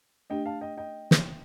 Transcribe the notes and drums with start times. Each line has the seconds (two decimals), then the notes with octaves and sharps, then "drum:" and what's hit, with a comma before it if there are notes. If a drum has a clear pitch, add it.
0.30 A3 D4 G4 D#5 G5
0.45 F5 A5
0.61 D#5 G5
0.77 D#5 G5
1.11 drum: snare